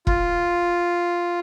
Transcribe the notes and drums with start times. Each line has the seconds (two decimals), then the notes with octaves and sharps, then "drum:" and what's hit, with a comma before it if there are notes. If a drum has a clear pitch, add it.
0.07 F4, drum: kick E1